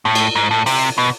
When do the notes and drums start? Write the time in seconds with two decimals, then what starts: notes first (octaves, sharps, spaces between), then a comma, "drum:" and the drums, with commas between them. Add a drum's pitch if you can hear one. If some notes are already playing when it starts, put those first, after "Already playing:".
0.05 A2
0.15 drum: cymbal
0.36 G#2
0.51 A2
0.66 C3, drum: open hi-hat
0.98 B2